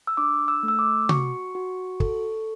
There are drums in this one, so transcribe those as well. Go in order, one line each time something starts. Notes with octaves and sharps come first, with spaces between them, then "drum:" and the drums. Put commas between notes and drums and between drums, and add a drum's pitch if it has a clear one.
E6
D4 D6
E6
A3
E6
D6
F#4 C#6, drum: tom C3
F#4
A4, drum: kick